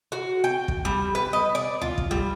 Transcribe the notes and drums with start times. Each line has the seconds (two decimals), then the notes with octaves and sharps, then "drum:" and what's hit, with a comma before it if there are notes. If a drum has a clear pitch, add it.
0.12 F#4
0.44 G5
0.68 drum: kick
0.85 G3
1.15 B4
1.33 D#5
1.55 D5
1.81 F4, drum: tom C#2
1.98 drum: kick
2.11 G3